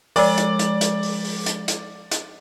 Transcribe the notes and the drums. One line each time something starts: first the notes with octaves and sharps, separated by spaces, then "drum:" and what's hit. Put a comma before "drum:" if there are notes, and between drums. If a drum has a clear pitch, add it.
F3 G#3 D5, drum: open hi-hat
drum: hi-hat
drum: hi-hat
drum: hi-hat
drum: open hi-hat
drum: open hi-hat
drum: hi-hat
drum: hi-hat
drum: hi-hat